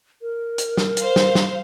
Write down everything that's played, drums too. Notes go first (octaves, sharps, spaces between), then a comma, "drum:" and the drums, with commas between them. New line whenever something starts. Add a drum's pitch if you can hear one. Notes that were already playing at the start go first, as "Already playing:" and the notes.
A#4
drum: hi-hat
drum: snare
C5 F5, drum: hi-hat
drum: snare
drum: snare